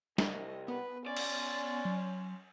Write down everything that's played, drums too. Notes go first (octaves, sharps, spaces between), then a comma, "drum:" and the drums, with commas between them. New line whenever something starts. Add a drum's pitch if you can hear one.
C2 D#5, drum: snare
B3 B4
C#4 D5 C6
drum: cymbal
F#3